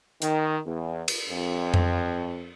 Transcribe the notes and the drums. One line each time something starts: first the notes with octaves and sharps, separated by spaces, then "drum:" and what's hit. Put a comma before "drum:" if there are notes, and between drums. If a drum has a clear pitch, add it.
D#3, drum: hi-hat
E2
drum: cymbal
F2
drum: tom F2